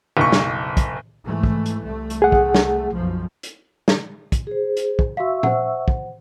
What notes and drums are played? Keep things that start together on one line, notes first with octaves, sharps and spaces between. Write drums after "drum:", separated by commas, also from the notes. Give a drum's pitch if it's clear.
F#1 B1 C#6
drum: snare
drum: kick, hi-hat
G#2 E3 A3
drum: kick
drum: hi-hat
C2 A3
drum: hi-hat
G#4 F#5
drum: kick
drum: snare
B1 F#2 F3
drum: hi-hat
drum: snare
drum: kick, hi-hat
G#4 C5
drum: hi-hat
drum: kick
F#4 E5 F5 C#6 E6
C5 F#5, drum: tom A#2
drum: kick